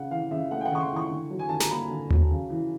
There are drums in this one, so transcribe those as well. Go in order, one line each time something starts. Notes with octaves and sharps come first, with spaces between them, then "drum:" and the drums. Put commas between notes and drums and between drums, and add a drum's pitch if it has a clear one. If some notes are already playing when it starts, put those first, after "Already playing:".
Already playing: C#3 F#5
E3 F5
C#3 E5
A3 F#5
G5
F#5
C#3 C#6
C6
E3
C#6
D3
F#3
G#5
D3 A5
A#5, drum: snare
A#3 B5
D3
F#3, drum: tom D#2
C#3
E3